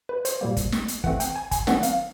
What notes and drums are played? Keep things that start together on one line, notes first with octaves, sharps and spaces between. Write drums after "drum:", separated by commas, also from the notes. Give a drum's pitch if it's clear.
B4
C5, drum: hi-hat
A#2 G3 A#3
drum: kick, hi-hat
drum: snare
drum: hi-hat
E3 A3 C4 F#5, drum: kick
G5, drum: hi-hat
G#5
G#5, drum: kick, hi-hat
D#3 F#3 A3 C4 F#5, drum: snare
F5, drum: hi-hat